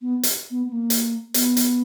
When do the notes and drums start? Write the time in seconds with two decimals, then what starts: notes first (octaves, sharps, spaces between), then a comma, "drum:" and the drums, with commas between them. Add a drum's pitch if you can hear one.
0.01 B3
0.23 drum: hi-hat
0.51 B3
0.67 B3
0.72 A#3
0.90 drum: hi-hat
1.34 B3, drum: hi-hat
1.57 drum: hi-hat